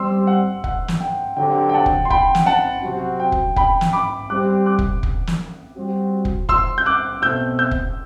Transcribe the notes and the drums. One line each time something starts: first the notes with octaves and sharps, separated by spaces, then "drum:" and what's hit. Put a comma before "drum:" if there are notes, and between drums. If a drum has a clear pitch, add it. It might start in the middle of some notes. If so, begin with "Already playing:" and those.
Already playing: G3 C4 G4 C6 E6
F#5
F#5, drum: kick
drum: snare
G5
D3 F#3 C4 G4 G5
G5
F#5 A5
drum: kick
C6
G5 B5, drum: kick
drum: snare
F#5 A5
C3 F#3 C4 F#4
G5
drum: kick
G5 B5, drum: kick
drum: snare
B5 D6
G3 C4 G4 D6 F#6
D6 F#6
drum: kick
drum: kick
drum: snare
G3 C4 F#4
drum: kick
C6 E6, drum: kick
G6
D6 F#6
B2 A3 C4 E6 G6
E6 G6
drum: kick